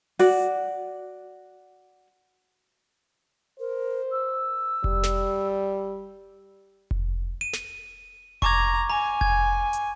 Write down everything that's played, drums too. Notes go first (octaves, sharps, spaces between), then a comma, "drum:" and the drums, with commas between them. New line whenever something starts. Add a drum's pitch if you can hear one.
F#4 D5, drum: open hi-hat
A#4 C5
E6
G3, drum: kick F1
drum: snare
drum: kick F1
D#7
drum: snare
A#5 C#6 D6 G#6, drum: kick F1
G#5 A#5
G#6, drum: kick F1
drum: hi-hat